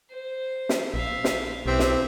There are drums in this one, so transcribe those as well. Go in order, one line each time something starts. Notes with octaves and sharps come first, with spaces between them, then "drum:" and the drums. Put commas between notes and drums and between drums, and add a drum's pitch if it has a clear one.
C5
drum: snare
A#1 E5 F5
drum: snare
B1 E3 C4 G4 E5
drum: snare